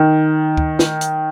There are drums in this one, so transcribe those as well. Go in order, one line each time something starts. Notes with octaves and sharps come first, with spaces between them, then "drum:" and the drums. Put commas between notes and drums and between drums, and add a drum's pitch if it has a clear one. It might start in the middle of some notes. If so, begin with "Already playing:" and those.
Already playing: D#3
drum: kick D2
drum: snare
drum: hi-hat